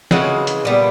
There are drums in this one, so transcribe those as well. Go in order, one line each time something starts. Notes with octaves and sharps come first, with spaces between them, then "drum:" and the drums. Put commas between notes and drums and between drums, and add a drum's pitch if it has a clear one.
C#3 E3 G#3 F#4, drum: snare
drum: hi-hat
A#2 G3 B3